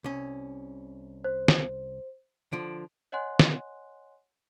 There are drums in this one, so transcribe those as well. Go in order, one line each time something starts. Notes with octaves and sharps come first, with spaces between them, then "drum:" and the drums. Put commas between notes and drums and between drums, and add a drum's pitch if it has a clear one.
C2 C#4
C5
drum: snare
D3 F3 D7
C#5 D#5 F#5 G#5 C6 F#6
drum: snare